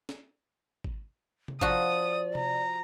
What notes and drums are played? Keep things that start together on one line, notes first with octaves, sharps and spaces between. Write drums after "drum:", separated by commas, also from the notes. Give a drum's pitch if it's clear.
drum: snare
drum: kick G#1
drum: tom C3
F3 F#4 D5 D#6, drum: kick G#1
A#5, drum: tom C3